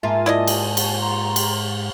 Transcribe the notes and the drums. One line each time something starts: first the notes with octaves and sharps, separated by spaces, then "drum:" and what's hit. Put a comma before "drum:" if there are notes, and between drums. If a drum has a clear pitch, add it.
G#2 A#3 F4 E5 G#5 A5
E4 D5 D#5
drum: cymbal
drum: cymbal
A#5 C6
drum: cymbal